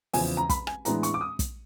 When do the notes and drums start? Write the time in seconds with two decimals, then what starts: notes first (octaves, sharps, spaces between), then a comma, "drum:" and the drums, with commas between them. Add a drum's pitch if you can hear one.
0.13 E2 C#3 F3 G#5, drum: open hi-hat
0.37 A#5
0.49 B5, drum: kick, hi-hat
0.67 G#5, drum: rim click
0.85 A2 E3 G#3 B3 D4 A#5, drum: hi-hat
1.03 C#6, drum: hi-hat
1.14 D6
1.21 D#6
1.39 drum: kick, hi-hat